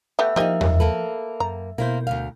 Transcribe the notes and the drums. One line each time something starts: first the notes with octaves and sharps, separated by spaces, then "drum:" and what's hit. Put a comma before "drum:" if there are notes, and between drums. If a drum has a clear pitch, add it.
A3 B3 G4 E5
F3 A#3 D#4 G4 C5 D#5 G#5
drum: tom E2
A#3 A4 B4
F#2 A#5
B2 A#3 E4 A#4 C5 G6
D2 G#2 F5